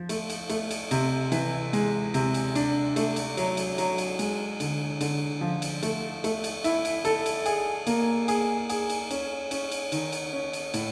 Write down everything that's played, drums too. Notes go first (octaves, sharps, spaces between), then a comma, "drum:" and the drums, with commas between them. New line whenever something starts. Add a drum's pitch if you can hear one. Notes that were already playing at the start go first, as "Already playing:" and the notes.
Already playing: F3
A3, drum: cymbal
drum: cymbal
A3, drum: cymbal
drum: cymbal
C3, drum: cymbal
E3, drum: cymbal
G#3, drum: cymbal
C3, drum: cymbal
drum: cymbal
D4, drum: cymbal
A3, drum: cymbal
drum: cymbal
F#3, drum: cymbal
drum: cymbal
F#3, drum: cymbal
drum: cymbal
G#3, drum: cymbal
D3, drum: cymbal
D3, drum: cymbal
F3
drum: cymbal
A3, drum: cymbal
A3, drum: cymbal
drum: cymbal
E4, drum: cymbal
drum: cymbal
A4, drum: cymbal
drum: cymbal
G#4, drum: cymbal
A#3, drum: cymbal
G#4, drum: cymbal
G#4, drum: cymbal
drum: cymbal
C#4, drum: cymbal
C#4, drum: cymbal
drum: cymbal
D#3, drum: cymbal
drum: cymbal
C#4
drum: cymbal
A2, drum: cymbal